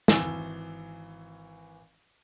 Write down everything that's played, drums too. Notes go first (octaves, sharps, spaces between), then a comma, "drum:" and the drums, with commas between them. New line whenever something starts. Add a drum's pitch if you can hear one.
G#1 E3 E6, drum: snare